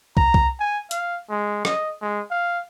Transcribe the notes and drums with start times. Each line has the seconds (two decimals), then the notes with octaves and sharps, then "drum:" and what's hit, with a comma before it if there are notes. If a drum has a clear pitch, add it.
0.17 A#5, drum: kick
0.34 drum: kick
0.60 G#5
0.91 F5, drum: hi-hat
1.30 G#3
1.65 D#5, drum: rim click
2.02 G#3
2.31 F5